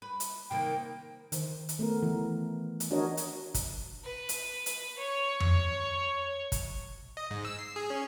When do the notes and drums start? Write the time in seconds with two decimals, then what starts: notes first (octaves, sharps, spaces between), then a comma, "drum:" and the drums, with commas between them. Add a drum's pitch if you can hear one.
0.02 B4
0.20 drum: hi-hat
0.51 C3 D#3 A#3 G5
1.32 D#3 C5, drum: hi-hat
1.69 drum: hi-hat
1.79 A3 B3 A#4
2.03 E3
2.80 drum: hi-hat
2.91 D4 F#4 A#4 C#5 D#5
3.17 drum: hi-hat
3.54 drum: kick, hi-hat
4.04 B4
4.29 drum: hi-hat
4.66 drum: hi-hat
4.98 C#5
5.40 drum: tom F2
6.52 drum: kick, hi-hat
7.17 D#5
7.31 G#2
7.45 E6
7.59 C7
7.76 G#4
7.90 C#4